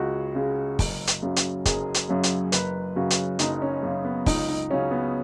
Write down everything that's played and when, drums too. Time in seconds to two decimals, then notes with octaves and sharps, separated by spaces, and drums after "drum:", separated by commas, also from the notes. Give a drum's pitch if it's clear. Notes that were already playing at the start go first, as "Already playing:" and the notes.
Already playing: C#2 C#3 G#3 F#4
0.35 C#3 G#3
0.79 F#1, drum: kick, open hi-hat
1.07 drum: hi-hat
1.22 F#2 C#3 F#3
1.36 drum: hi-hat
1.65 F#1 G#4, drum: kick, hi-hat
1.94 drum: hi-hat
2.09 F#2 C#3 F#3
2.23 drum: hi-hat
2.52 F#1 B4, drum: hi-hat
2.96 F#2 C#3 F#4
3.10 drum: hi-hat
3.39 F#1 D#4, drum: hi-hat
3.62 C#4
3.83 F#2 C#3
4.05 B3
4.26 C#2 D#4, drum: kick, open hi-hat
4.49 D#4
4.70 C#3 F#3 C#4
4.91 B3